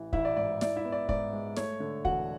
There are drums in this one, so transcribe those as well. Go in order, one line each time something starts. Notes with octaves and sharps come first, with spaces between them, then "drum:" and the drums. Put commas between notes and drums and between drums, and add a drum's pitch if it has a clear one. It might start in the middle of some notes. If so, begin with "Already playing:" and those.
Already playing: A1 E3
A1 E4 E5, drum: kick
D5
G#2 D5
E4 D5, drum: snare
E4 E5
B3
D5
G#2 D5, drum: kick
G#3
A3 C#5, drum: snare
D3
E1 F#4 F#5, drum: kick